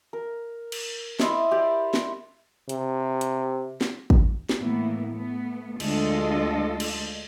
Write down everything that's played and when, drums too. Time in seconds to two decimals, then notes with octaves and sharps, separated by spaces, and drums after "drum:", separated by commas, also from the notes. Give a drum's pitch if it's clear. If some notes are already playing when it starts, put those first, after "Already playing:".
0.13 A#4
0.72 drum: cymbal
1.20 E4 C5 D#5 E5, drum: snare
1.51 G4 D5
1.94 drum: snare
2.69 C3, drum: hi-hat
3.21 drum: hi-hat
3.81 drum: snare
4.10 drum: kick
4.49 drum: snare
4.59 A2 E3 A#3 B3 E4
5.11 A3 B3
5.80 D2 G#3 D4 F4 A4 D#5, drum: cymbal
6.80 drum: cymbal